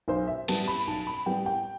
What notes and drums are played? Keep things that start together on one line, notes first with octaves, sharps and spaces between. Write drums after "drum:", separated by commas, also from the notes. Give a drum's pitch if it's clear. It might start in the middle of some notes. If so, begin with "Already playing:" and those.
B1 C5
E5
A2 G3 B3 A5, drum: cymbal
B5
B1 A5
B5
A2 G3 B3 G5
G5